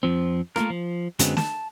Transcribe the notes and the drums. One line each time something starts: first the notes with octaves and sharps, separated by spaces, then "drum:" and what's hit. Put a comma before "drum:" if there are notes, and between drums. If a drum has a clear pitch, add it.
F2 F3 C4
A3 A#3 D#4 F4 A#4, drum: rim click
F3
F#2 D3 F#3 G#3 B3 C4, drum: hi-hat
A5, drum: snare